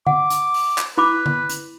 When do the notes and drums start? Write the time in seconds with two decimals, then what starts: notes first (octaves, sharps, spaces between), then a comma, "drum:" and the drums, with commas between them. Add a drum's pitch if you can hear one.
0.07 F#5 D6, drum: tom D3
0.30 drum: hi-hat
0.54 drum: open hi-hat
0.78 drum: clap
0.98 E4 B4 B5 D6
1.26 drum: tom D3
1.50 drum: hi-hat